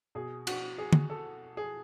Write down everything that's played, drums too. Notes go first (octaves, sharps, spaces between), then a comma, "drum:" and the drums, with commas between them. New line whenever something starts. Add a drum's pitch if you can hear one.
B2 G#4
F#4, drum: cymbal
G#4
drum: tom D3
A4
G#4